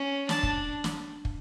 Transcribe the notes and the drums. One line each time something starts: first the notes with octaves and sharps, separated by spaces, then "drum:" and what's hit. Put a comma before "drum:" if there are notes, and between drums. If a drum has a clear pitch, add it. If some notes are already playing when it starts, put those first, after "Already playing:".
Already playing: C#4
D4 A5, drum: snare
drum: kick
drum: snare
drum: kick